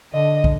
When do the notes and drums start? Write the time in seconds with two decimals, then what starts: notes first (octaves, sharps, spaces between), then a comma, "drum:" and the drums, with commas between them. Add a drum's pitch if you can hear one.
0.13 D3 D#5
0.44 drum: kick